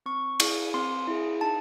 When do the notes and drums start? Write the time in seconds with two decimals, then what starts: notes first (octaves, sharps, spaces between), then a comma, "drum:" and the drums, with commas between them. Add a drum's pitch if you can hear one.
0.06 C4 C#6
0.40 E4 G#4, drum: cymbal
0.74 C4 C6
1.07 E4 G#4
1.41 D#4 A5